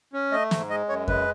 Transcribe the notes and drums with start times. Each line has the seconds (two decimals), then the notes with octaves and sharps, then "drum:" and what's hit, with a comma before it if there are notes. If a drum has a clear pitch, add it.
0.13 C#4
0.31 A3 D#5
0.51 G#2, drum: snare
0.70 G#3 D#5
0.89 F#2 C#5
1.08 G#3 B4, drum: kick F2